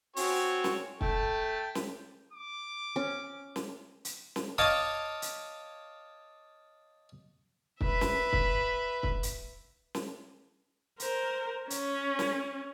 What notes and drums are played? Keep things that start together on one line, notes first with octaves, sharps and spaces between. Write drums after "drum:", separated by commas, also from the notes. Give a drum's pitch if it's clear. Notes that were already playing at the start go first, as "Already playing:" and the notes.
C4 C#4 F#4 C#5, drum: open hi-hat
drum: snare
A3 A4 G5, drum: kick
drum: snare
D6
C#4
drum: snare
drum: hi-hat
drum: snare
C#5 D#5 F5 A5 D6
drum: hi-hat
B4 E5, drum: kick
drum: snare
drum: kick
drum: kick
drum: hi-hat
drum: snare
A#4 C5, drum: hi-hat
C#4, drum: hi-hat
drum: snare